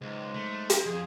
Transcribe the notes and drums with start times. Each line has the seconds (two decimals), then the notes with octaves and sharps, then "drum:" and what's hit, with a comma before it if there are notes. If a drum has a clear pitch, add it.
0.01 C#2 G#2 F#3 G#3
0.34 A3
0.70 drum: hi-hat
0.86 F2 G#4